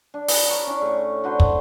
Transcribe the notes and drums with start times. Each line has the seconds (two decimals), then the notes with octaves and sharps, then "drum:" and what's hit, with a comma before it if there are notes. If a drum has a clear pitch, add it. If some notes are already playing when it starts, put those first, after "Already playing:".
0.14 D4
0.28 B4, drum: open hi-hat
0.48 A#4 C#5
0.67 C#4 D4 E4
0.82 A2 C#6
1.24 D4 F#4 B4 C5
1.40 drum: kick